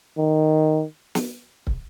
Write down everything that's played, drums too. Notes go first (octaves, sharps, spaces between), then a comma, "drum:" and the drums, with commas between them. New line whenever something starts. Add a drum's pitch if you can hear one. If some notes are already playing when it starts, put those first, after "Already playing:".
D#3
drum: snare
drum: kick